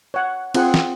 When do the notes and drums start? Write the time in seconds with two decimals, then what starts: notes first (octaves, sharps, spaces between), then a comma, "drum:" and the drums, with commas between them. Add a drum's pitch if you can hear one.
0.14 C#5 F#5
0.55 C4 F4 G#4 F#5, drum: cymbal
0.74 drum: snare